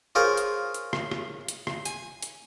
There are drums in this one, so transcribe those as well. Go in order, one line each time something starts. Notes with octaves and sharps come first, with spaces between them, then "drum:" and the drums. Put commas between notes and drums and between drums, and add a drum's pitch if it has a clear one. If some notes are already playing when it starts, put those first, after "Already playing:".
F4 G#4 A#4 C5 C#5
drum: hi-hat
drum: hi-hat
drum: rim click
drum: rim click
drum: hi-hat
drum: rim click
G#5, drum: hi-hat
drum: hi-hat